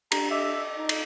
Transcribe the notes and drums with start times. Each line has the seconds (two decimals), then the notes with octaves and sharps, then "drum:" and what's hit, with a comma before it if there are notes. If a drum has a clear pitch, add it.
0.12 D4 G4 A#5, drum: cymbal
0.30 D#5 E5 D6 E6
0.78 D#4
0.89 drum: cymbal